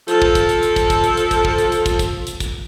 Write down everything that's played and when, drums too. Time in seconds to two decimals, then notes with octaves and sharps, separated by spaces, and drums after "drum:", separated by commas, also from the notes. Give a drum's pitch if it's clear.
0.08 F3 A4, drum: hi-hat
0.22 drum: kick
0.35 drum: kick, hi-hat
0.49 drum: hi-hat
0.63 drum: hi-hat
0.76 drum: kick, hi-hat
0.90 drum: kick, hi-hat
1.04 drum: hi-hat
1.17 drum: hi-hat
1.31 drum: kick, hi-hat
1.45 drum: kick
1.58 drum: hi-hat
1.72 drum: hi-hat
1.86 drum: kick, hi-hat
1.99 drum: kick, hi-hat
2.27 drum: hi-hat
2.40 drum: kick, hi-hat